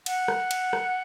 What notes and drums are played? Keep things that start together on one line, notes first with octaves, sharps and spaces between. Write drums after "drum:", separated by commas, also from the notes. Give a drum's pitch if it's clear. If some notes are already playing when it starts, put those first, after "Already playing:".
F#5, drum: cymbal
drum: rim click
drum: cymbal
drum: rim click